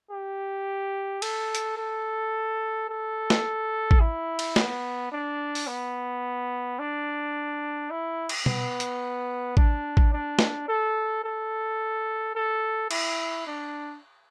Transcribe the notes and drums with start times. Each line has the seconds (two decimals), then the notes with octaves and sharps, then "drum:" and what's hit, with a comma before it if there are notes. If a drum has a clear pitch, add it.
0.11 G4
1.22 A4, drum: cymbal
1.55 drum: hi-hat
1.78 A4
2.89 A4
3.30 drum: snare
3.91 drum: kick A1
4.00 E4
4.39 drum: cymbal
4.56 B3, drum: snare
5.12 D4
5.55 drum: open hi-hat
5.67 B3
6.79 D4
7.91 E4
8.29 drum: cymbal
8.46 B3, drum: tom B2
8.80 drum: hi-hat
9.57 D4, drum: kick A1
9.97 drum: kick A1
10.13 D4
10.39 drum: snare
10.68 A4
11.24 A4
12.36 A4
12.91 E4, drum: cymbal
13.47 D4